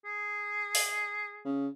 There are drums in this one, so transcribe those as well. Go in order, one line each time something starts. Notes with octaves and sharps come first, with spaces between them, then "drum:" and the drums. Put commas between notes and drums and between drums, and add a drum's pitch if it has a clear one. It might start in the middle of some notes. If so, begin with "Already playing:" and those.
G#4
drum: open hi-hat
C#3